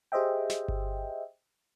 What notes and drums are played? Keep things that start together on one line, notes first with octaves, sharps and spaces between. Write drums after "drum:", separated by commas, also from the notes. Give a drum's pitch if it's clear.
G4 G#4 C5 D#5 E5 G5
drum: snare
drum: kick G1